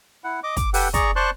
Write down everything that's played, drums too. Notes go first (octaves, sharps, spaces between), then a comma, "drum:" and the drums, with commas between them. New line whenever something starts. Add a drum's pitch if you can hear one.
E4 F#5
D#5 D6
D6, drum: kick, hi-hat
G4 A4 B4 F#5 G5, drum: open hi-hat
G#4 D5 A#5 C#6, drum: kick, hi-hat
C5 D5 A5 C6 C#6 F#6